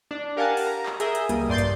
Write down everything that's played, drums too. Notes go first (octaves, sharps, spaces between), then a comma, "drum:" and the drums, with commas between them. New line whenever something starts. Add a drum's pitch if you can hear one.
D4
G4 A#4 F5 F#5 G#5 A5
drum: open hi-hat
A#5
drum: clap
G#4 A#4 E5 D#6 G6, drum: hi-hat
drum: hi-hat
C#2 G3 A#3 D#6, drum: hi-hat
G2 D5 C6 G6 A6
drum: kick, hi-hat